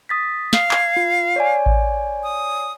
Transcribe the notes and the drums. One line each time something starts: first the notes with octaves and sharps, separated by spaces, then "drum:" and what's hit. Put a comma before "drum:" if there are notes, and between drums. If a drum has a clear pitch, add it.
D#6 A6 B6
F5, drum: snare
G#6, drum: clap
F4
C#5 D5 G#5
drum: kick A1
D#6